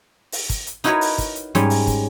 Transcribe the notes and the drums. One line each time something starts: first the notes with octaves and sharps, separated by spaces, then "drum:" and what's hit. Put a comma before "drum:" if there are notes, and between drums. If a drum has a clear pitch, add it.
drum: open hi-hat
drum: kick, hi-hat
drum: hi-hat
D#4 E4 F#4 A#4 B4 C#5, drum: hi-hat
drum: open hi-hat
drum: kick, hi-hat
drum: hi-hat
G#2 G3 C#4 C#5, drum: hi-hat
drum: open hi-hat
drum: kick, hi-hat